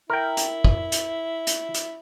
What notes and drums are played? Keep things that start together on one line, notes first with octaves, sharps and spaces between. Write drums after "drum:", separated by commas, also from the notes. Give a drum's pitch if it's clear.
E4 A#4 G5
drum: hi-hat
drum: kick
drum: hi-hat
drum: hi-hat
drum: hi-hat